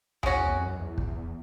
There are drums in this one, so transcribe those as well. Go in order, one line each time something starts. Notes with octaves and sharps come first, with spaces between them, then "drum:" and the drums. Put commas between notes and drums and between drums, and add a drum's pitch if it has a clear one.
E2 G#3 C#4 F#4, drum: tom C2
E2
F2
F#2
E2
drum: kick
E2